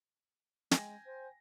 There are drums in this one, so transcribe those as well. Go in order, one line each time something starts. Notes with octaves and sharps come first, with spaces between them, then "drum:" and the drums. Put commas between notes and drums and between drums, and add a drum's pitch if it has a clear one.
G#3 G5 G#5 A#6, drum: snare
C5